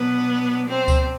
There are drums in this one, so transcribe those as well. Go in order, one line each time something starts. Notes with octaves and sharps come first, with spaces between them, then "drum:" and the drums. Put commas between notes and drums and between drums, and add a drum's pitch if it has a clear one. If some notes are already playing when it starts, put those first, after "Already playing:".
Already playing: B2 F#3 B3 D4 B4
C4 C5
drum: kick C#2, tambourine